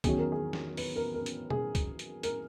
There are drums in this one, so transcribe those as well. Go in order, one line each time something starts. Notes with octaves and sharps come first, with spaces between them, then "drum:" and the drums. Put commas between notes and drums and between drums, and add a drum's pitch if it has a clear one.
E2 D#3 F#3 C#4 G#4, drum: kick, hi-hat
A#4
G#4
drum: snare
B4, drum: open hi-hat
A#4
A#4
drum: hi-hat
G#4, drum: tom B2
drum: kick, hi-hat
drum: hi-hat
A#4, drum: hi-hat